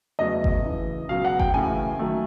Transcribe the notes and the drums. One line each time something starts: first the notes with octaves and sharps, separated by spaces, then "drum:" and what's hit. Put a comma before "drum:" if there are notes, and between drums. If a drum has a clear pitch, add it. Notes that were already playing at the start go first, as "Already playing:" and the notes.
E2 C#3 F#3 A3 D#5
drum: kick G1
F#2 C#3 E3
C#2 B2 F#3 F5
F#5
G5, drum: kick G1
F#2 C#3 E3 A3 G#5
D#3 F#3 A3